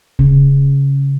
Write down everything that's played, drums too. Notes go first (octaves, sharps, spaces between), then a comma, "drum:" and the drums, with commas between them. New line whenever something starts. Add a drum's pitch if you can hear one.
C#3, drum: kick D1